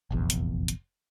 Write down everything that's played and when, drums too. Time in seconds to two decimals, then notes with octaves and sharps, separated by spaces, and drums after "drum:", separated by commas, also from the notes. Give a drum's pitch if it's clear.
0.11 F1 A#1 E2
0.30 drum: hi-hat
0.68 drum: hi-hat